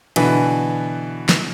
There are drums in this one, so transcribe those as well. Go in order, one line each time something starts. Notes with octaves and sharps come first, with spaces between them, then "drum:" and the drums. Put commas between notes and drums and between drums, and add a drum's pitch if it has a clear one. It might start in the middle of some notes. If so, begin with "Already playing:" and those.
B2 D3 E3, drum: cymbal
drum: snare